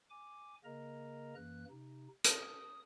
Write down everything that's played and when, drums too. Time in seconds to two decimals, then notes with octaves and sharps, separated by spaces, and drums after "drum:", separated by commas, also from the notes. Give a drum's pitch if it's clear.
0.10 G#5 D6
0.65 C#3 A#3 A#4 D#5 A#5
1.36 F#2 E3 A#3 F#6
1.70 C3 D#4
2.24 D#6, drum: hi-hat